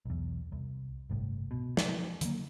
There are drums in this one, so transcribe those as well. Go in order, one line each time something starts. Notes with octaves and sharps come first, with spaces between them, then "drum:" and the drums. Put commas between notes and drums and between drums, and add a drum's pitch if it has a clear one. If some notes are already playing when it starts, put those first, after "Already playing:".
B1 E2
C2
G1 C2 A2
B2
F3, drum: snare
D3 D#3 F#3 A#3, drum: hi-hat